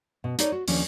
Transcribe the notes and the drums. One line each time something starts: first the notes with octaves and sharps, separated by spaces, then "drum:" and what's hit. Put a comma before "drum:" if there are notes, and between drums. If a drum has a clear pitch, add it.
B2
D#4 A4 C#5 D5, drum: hi-hat
F#4
D#2 F3 C#4 D4, drum: open hi-hat